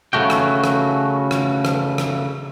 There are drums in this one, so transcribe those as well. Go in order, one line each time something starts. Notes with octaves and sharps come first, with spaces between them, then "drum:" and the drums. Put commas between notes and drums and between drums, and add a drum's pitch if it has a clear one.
C#3 F#3 A3 F#4 G5
drum: rim click
drum: rim click
drum: rim click
drum: rim click
drum: rim click